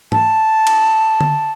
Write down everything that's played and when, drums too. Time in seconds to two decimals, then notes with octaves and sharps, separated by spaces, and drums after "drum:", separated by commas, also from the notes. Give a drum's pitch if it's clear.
0.12 A5, drum: tom G#2
0.67 drum: cymbal
1.21 drum: tom D3